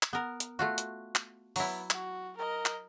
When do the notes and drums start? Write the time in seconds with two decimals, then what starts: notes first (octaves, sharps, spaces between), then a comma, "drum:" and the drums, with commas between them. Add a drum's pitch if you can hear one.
0.03 drum: clap
0.13 B3 A#4
0.40 drum: hi-hat
0.59 A3 F4 F#4
0.78 drum: hi-hat
1.15 drum: clap
1.56 F#3 B3 E4, drum: open hi-hat
1.91 F#4, drum: clap
2.37 A#4 D#5
2.66 drum: clap